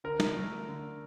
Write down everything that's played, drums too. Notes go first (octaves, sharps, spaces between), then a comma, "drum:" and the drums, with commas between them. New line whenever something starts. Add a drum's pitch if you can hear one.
D3 A#4
drum: snare
A3
D3